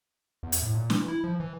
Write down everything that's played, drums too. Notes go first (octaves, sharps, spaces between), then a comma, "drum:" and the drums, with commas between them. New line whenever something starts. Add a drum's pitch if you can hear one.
E2
drum: hi-hat
A2
A#2
E3, drum: snare
E4
F3
E3